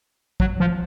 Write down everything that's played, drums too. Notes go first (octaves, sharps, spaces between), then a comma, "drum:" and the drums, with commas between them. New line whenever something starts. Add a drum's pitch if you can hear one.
F#3, drum: kick A#1
F3